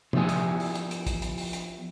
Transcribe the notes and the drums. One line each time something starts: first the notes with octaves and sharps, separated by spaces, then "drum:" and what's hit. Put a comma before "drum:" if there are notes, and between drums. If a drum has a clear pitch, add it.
F3 B3 E4 G4 D5 G#5, drum: tom
drum: hi-hat
drum: open hi-hat
drum: hi-hat
drum: hi-hat
drum: kick, hi-hat
drum: hi-hat
drum: open hi-hat
drum: hi-hat